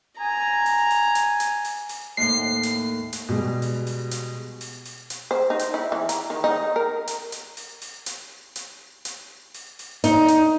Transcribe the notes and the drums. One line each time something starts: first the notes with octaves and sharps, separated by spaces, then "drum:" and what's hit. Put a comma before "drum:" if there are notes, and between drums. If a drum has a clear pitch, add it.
G#5 A#5
drum: open hi-hat
drum: open hi-hat
drum: hi-hat
drum: hi-hat
drum: open hi-hat
drum: open hi-hat
D#2 A2 C7
drum: hi-hat
drum: hi-hat
B2 G3 G#3
drum: open hi-hat
drum: open hi-hat
drum: hi-hat
drum: open hi-hat
drum: open hi-hat
drum: hi-hat
C5
D#4
drum: hi-hat
E4
E3
A#5, drum: hi-hat
D#3
D#4
A#4
drum: hi-hat
drum: hi-hat
drum: open hi-hat
drum: open hi-hat
drum: hi-hat
drum: hi-hat
drum: hi-hat
drum: open hi-hat
drum: open hi-hat
D#4, drum: hi-hat
drum: hi-hat